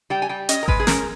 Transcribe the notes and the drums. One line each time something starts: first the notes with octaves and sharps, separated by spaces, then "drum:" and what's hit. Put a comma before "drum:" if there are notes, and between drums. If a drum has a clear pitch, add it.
G3 G5
G#5
G3 G5
C#4 D#5, drum: hi-hat
A#4
G#3 B4, drum: kick G#1
G#4
C#4 A#4, drum: snare